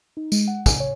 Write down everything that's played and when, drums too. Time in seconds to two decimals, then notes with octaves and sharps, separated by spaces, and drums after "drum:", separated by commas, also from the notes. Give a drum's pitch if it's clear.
0.17 D#4
0.32 G#3, drum: tambourine
0.48 F#5
0.66 G#5, drum: kick, tambourine
0.80 C#5